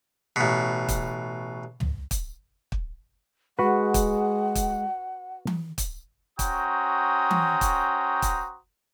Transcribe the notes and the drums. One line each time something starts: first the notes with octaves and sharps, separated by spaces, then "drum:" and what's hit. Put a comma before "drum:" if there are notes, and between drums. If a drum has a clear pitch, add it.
A1 B2
drum: kick, hi-hat
drum: tom
drum: kick, hi-hat
drum: kick
G#3 F#4 B4 F#5
drum: kick, hi-hat
drum: kick, hi-hat
drum: tom E3
drum: kick, hi-hat
C#4 F#4 C5 G5 A#5 D#6, drum: kick, hi-hat
drum: tom E3
drum: kick, hi-hat
drum: kick, hi-hat